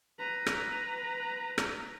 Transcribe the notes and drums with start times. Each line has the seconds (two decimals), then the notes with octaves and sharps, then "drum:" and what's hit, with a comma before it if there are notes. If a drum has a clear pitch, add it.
0.19 B4 A#5
0.46 drum: rim click
1.58 drum: rim click